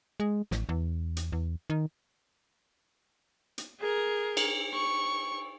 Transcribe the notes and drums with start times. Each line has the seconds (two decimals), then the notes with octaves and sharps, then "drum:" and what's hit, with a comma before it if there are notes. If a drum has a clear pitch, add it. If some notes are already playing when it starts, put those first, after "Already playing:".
0.20 G#3
0.51 A1, drum: snare
0.69 E2
1.17 drum: hi-hat
1.32 E2
1.70 D#3
3.58 drum: hi-hat
3.80 G#4 A#4
4.37 drum: cymbal
4.74 C#6